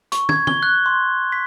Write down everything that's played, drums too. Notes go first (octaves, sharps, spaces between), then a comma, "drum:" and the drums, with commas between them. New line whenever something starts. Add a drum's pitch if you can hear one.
C#6, drum: hi-hat
G#6, drum: tom
G7, drum: tom
F#6
C6
B6